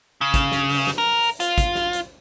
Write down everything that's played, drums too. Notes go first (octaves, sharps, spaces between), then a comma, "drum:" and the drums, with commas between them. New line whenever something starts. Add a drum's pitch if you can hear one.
C#3
drum: kick, hi-hat
drum: snare
drum: open hi-hat
drum: snare
A#4
drum: open hi-hat
F4, drum: hi-hat
drum: kick, hi-hat
drum: snare
drum: hi-hat